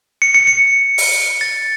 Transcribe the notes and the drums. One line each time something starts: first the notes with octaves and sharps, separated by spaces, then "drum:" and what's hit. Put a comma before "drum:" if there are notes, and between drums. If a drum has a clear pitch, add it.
C#7
C#7
C#7
drum: open hi-hat
A6